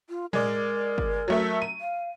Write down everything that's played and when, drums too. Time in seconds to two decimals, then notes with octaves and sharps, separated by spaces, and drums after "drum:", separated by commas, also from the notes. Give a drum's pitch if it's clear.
0.09 F4
0.33 G#3 A#4 D5, drum: tom
0.98 drum: kick G1
1.28 F#3 A3 E5
1.62 D#7
1.81 F5